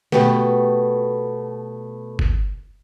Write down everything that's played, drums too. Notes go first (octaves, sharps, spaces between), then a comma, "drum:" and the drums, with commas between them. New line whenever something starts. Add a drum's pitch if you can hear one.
B2 A3 F#4 G4 B4, drum: snare
drum: kick G1